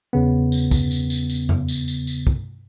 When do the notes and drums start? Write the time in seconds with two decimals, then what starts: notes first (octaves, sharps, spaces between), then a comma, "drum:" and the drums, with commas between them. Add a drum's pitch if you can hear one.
0.13 E2 C#3 B3
0.52 drum: tambourine
0.71 drum: kick, tambourine
0.91 drum: tambourine
1.10 drum: tambourine
1.30 drum: tambourine
1.49 drum: tom F2
1.68 drum: tambourine
1.88 drum: tambourine
2.07 drum: tambourine
2.27 drum: kick